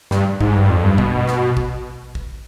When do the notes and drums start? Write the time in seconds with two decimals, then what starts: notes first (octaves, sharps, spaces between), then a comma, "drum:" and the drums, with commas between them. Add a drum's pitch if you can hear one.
0.11 G2, drum: snare
0.41 G#2, drum: kick
0.55 G2
0.70 F2
0.84 G2
0.98 B2, drum: kick
1.28 drum: snare
1.57 drum: kick
2.15 drum: kick